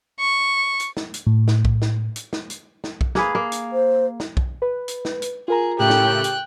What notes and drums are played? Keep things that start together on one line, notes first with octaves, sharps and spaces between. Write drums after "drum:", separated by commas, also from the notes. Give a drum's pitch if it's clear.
C#6
drum: hi-hat
drum: snare
drum: hi-hat
A2
drum: snare
drum: kick B1
drum: snare
drum: hi-hat
drum: snare
drum: hi-hat
drum: snare
drum: kick B1
A#3 G#4 B4, drum: snare
A#3
drum: hi-hat
C5
drum: snare
drum: kick B1
B4
drum: hi-hat
drum: snare
drum: hi-hat
F4 G#4 A#4 A#5
A2 C#3 A3 G4 G5 F#6
drum: snare
drum: hi-hat